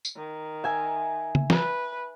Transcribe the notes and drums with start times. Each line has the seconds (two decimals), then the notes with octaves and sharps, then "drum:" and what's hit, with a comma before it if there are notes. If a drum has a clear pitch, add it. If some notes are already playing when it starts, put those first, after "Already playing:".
0.05 drum: tambourine
0.16 D#3
0.64 E5 G#5
1.35 drum: tom
1.50 B4, drum: snare